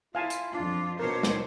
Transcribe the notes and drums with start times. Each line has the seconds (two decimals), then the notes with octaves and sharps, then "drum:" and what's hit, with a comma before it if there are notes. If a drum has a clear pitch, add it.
0.15 E4 F4 F5 G#5 A5
0.30 drum: hi-hat
0.54 F2 D4 F4
0.99 B2 D4 A#4 C5 C#5
1.23 drum: snare